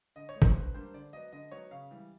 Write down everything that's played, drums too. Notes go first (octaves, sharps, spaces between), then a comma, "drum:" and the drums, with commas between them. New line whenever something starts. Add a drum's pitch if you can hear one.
D3 D#5
C#5
F3 A3 C4
C5, drum: kick
D3 B4
G3 A#3 D4 C5
D3 D5
F#3 B3 D#5
D3 D#5
F#3 B3 D#4 C#5
C#3 F5
E3 G3